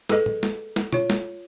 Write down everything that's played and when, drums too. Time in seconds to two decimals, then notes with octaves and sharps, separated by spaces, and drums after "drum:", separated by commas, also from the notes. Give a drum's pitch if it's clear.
0.09 G#4 A4 B4 D#5, drum: snare
0.26 drum: tom A2
0.43 drum: snare
0.76 drum: snare
0.93 F4 C#5, drum: tom B2
1.10 drum: snare